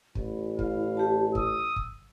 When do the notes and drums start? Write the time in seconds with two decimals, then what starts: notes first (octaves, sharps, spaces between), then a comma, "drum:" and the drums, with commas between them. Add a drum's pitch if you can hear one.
0.15 A1 E4, drum: kick
0.59 F5, drum: kick
0.97 G4 A5
1.35 D#6 E6, drum: kick
1.76 drum: kick